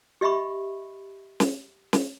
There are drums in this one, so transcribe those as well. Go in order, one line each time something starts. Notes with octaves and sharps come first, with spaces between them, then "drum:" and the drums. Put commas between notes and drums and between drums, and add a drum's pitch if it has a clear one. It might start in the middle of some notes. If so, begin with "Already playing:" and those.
G4 D#5 E5 B5 C#6
drum: snare
drum: snare